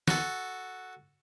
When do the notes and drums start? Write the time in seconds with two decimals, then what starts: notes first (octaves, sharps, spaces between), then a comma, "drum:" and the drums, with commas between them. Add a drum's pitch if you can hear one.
0.08 F#4 A4, drum: snare